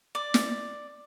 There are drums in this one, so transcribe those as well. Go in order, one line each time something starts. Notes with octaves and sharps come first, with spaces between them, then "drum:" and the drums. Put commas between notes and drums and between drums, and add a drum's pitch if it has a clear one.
D5
drum: snare